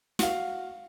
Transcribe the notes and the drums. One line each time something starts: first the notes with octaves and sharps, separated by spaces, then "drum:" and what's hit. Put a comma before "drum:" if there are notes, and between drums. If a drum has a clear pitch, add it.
F#4 F5, drum: snare